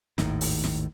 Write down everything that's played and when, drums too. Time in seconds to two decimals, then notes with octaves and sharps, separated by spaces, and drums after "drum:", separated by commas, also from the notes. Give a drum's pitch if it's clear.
0.18 G#1 D#2 A2 D#3, drum: snare
0.41 drum: open hi-hat
0.64 drum: snare